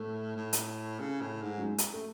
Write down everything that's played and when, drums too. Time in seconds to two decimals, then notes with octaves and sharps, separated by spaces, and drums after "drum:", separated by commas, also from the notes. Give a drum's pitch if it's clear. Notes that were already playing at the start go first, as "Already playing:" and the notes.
Already playing: A2 A3
0.36 A2
0.53 drum: hi-hat
1.00 C#3
1.21 A2
1.42 G#2
1.58 F#3
1.63 G#3
1.78 drum: hi-hat
1.94 A3